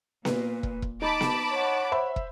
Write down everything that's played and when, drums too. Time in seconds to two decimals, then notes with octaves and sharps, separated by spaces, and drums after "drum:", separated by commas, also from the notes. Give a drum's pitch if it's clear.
0.25 A#2 B4, drum: snare B3
0.63 drum: kick
0.82 drum: kick
1.02 D#4 A5 B5 D6
1.21 drum: snare B3
1.50 C#5 F#5
1.92 C5 E5 B5
2.16 drum: kick